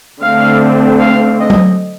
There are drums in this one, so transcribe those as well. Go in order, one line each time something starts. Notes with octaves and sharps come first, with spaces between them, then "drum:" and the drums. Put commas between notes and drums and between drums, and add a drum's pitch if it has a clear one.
D3 A3 C4 F5
F5
D#5
drum: tom F#3